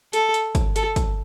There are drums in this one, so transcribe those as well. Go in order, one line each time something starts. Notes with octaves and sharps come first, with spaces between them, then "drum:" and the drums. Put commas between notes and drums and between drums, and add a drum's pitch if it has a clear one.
A4, drum: hi-hat
drum: hi-hat
drum: kick, hi-hat
A4, drum: hi-hat
drum: kick, hi-hat